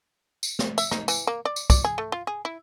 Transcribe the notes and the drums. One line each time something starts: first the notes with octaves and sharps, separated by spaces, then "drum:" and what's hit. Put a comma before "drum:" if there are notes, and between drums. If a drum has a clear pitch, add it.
drum: tambourine
drum: snare
E5, drum: tambourine
D#4, drum: snare
E3, drum: tambourine
A#3
D5
drum: tambourine
D5, drum: kick, tambourine
G#4
A3
F4
G#4
E4